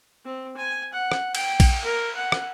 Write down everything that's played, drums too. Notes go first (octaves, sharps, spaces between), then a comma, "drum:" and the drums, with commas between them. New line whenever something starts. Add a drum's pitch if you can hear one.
C4
G#5
F#5
drum: rim click
G5, drum: cymbal
drum: kick A#1, cymbal
A#4
F#5
drum: rim click